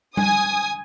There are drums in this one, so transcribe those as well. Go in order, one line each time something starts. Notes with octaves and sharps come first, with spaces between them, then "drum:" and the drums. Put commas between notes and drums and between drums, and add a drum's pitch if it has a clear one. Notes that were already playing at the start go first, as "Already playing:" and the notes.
G#5 D#6, drum: tom G3